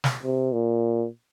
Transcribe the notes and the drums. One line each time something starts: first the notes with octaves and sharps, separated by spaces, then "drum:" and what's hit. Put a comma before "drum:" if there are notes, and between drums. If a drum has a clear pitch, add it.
drum: snare
C3
A#2